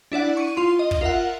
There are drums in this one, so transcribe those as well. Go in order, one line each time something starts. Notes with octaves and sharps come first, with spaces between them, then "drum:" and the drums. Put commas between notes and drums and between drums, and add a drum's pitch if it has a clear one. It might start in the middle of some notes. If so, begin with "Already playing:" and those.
D4 E4 D5 F#5
C#6 D#7
F4 C6
D#5
drum: kick
F4 A#4 E5 F#5